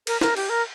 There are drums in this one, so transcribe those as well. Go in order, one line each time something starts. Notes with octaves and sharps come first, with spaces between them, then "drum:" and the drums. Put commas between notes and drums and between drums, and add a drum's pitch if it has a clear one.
A#4, drum: cymbal
A#4, drum: snare
G4, drum: cymbal
A#4